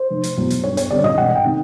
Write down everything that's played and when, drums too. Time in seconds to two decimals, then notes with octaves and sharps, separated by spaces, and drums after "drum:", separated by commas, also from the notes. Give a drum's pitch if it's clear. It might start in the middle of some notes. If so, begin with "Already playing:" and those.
Already playing: C5
0.10 F1
0.24 drum: hi-hat
0.37 E2 B2 F#3 B3
0.50 drum: hi-hat
0.64 G2 C#5
0.77 C#5, drum: hi-hat
0.91 D3 G3 C4 D5
1.04 D#5, drum: tom G#2
1.18 E1 F#5
1.35 G5
1.44 C3 D#3